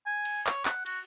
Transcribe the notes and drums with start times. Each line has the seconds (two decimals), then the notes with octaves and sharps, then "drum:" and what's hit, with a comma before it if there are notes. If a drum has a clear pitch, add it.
0.06 G#5
0.25 drum: cymbal
0.47 C#5, drum: clap
0.65 F#5, drum: clap
0.86 F#4, drum: cymbal